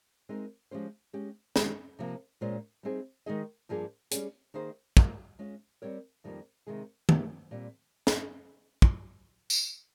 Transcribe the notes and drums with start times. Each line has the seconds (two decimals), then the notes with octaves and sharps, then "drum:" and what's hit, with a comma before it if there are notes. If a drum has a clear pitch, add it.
0.29 G#3 C4 D#4 A#4
0.71 F3 G#3 C#4 G4 C5
1.13 G#3 C#4 G4
1.56 D#3 G#3 C#4 G4, drum: snare
1.99 C3 F3 A#3
2.41 A#2 G#3 C#4 F4 C5
2.83 G3 C4 D#4 G#4
3.26 D#3 G#3 D#4 G#4 D#5
3.69 G2 F3 A#3 F4 G#4
4.11 G3 C#4 G#4, drum: hi-hat
4.54 D#3 A#3 D#4 G#4 C5
4.97 G#2 F3 A#3, drum: kick
5.39 G#3 C#4 F4
5.82 G3 C4 G4 A#4 C#5
6.24 F2 D#3 G3 A#3 F4
6.67 C3 D#3 G#3 D#4 G#4
7.09 C3 D#3 G#3 C#4 G4, drum: tom
7.51 A#2 G3 C4
8.07 drum: snare
8.82 drum: kick
9.50 drum: tambourine